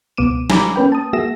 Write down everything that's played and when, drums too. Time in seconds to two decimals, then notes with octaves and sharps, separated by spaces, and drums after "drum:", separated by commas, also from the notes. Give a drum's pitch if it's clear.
0.17 C#2 B2 B3 D6 D#7 E7
0.50 G#5 A#5 B5 D6, drum: snare
0.76 A#3 C#4 B4 G5
0.92 A5 D#6
1.13 A#3 F#4 G#4 E5 A#6 E7